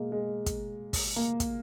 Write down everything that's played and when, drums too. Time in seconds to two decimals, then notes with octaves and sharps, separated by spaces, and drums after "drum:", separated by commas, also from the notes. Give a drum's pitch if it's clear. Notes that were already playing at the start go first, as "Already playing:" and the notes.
Already playing: B2 G#3 A#3
0.12 G#3
0.46 drum: kick, hi-hat
0.93 drum: kick, open hi-hat
1.16 A#3
1.40 drum: kick, hi-hat